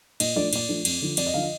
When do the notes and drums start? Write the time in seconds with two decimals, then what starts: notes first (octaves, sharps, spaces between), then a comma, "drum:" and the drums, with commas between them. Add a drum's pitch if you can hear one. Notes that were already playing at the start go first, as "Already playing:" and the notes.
0.20 A#2 D#5, drum: cymbal
0.36 F3 A3 D4 D5
0.53 A#2 D5, drum: cymbal
0.69 F3 A3 D4
0.85 F2, drum: cymbal
1.02 D3 F3
1.17 F2 D5, drum: cymbal
1.26 D#5
1.34 D3 F3 F5
1.43 D#5